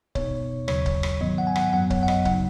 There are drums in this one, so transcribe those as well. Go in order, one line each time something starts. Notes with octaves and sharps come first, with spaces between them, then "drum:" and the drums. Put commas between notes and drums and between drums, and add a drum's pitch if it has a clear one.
B2 B3 D#4 C#5, drum: kick C#1
D#2 C#3 F#3 C#5, drum: rim click
drum: kick C#1
drum: rim click
G#2 D#3 F#3 B3 D#5
F#5
G#5
F#5, drum: rim click
F#2 F#3 B3 F#5
C#5, drum: kick C#1
F#5
D#5, drum: rim click
C#3 F#3 D#4 F#5, drum: kick C#1